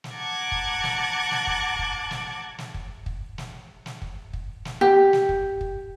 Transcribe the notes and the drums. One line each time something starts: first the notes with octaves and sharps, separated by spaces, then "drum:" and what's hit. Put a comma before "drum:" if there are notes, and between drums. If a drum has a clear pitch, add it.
drum: snare
F#5 A5 A#5 D6 F#6 G#6
drum: kick
drum: snare
drum: snare
drum: kick
drum: kick
drum: snare
drum: snare
drum: kick
drum: kick
drum: snare
drum: snare
drum: kick
drum: kick
drum: snare
G4
drum: snare
drum: kick
drum: kick